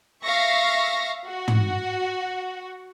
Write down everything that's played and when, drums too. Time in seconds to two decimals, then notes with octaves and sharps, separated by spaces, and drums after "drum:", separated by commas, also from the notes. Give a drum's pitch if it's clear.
0.24 E5 F5 C#6 A#6
1.26 F#4
1.48 drum: tom